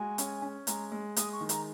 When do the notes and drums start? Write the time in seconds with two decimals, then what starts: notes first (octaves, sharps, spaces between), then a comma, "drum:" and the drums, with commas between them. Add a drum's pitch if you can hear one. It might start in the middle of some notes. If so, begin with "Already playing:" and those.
Already playing: G#3 F#4 G#5
0.18 C#4, drum: hi-hat
0.42 C#4
0.67 G#3 A#5, drum: hi-hat
0.92 G#3
1.16 G#3 D#6, drum: hi-hat
1.33 C#6
1.41 D#3
1.49 A#5, drum: hi-hat